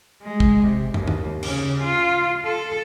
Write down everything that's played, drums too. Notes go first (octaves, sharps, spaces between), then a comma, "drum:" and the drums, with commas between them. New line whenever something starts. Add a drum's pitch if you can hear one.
G#3
drum: kick
C3
D#2, drum: tom
drum: tom
C#3, drum: cymbal
F4
A4